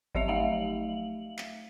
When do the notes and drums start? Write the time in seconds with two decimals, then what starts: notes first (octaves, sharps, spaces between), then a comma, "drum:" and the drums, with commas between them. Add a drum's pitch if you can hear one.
0.15 F3 F#3 G4 D#5 E5 F7, drum: kick G#1
0.28 A3 E5 F5 F#7
1.38 drum: clap